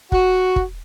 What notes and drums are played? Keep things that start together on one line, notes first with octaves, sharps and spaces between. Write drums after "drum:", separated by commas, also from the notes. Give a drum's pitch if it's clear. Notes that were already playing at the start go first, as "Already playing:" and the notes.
F#4, drum: kick
drum: kick